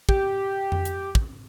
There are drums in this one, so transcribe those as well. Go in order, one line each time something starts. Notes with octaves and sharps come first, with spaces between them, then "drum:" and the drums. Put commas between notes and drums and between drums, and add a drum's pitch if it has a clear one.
G4, drum: kick
drum: tom F2
drum: hi-hat
drum: kick